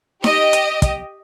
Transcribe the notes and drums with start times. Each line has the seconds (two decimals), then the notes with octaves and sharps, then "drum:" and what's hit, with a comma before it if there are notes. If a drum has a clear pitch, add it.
0.24 G4 D#5, drum: snare D#4
0.53 drum: hi-hat
0.82 drum: kick, hi-hat